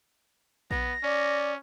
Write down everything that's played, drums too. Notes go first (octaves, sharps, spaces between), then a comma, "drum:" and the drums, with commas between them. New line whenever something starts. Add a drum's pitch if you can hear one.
B3 A#6, drum: kick A#1
C#4 D5